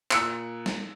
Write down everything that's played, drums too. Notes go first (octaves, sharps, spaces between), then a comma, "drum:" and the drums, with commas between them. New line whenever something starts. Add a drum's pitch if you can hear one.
A#2 E6 F#6 C#7 D7, drum: clap
drum: snare